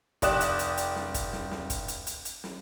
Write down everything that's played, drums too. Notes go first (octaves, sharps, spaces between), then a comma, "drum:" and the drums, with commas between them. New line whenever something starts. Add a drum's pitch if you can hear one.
F1 G4 D5 D#6 F#6 E7, drum: kick, hi-hat
drum: hi-hat
drum: hi-hat
drum: hi-hat
drum: snare
drum: kick, hi-hat
drum: snare
drum: snare
drum: kick, hi-hat
drum: hi-hat
drum: hi-hat
drum: hi-hat
drum: snare